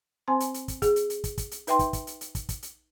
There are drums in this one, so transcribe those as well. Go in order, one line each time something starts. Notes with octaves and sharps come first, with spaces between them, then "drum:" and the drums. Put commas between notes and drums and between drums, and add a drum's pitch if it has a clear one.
C4 C5 G#5 A5 C6
drum: hi-hat
drum: hi-hat
drum: kick, hi-hat
G#4, drum: kick, hi-hat
drum: hi-hat
drum: hi-hat
drum: kick, hi-hat
drum: kick, hi-hat
drum: hi-hat
D#4 B4 E5 G5 C6, drum: hi-hat
drum: kick, hi-hat
drum: kick, hi-hat
drum: hi-hat
drum: hi-hat
drum: kick, hi-hat
drum: kick, hi-hat
drum: hi-hat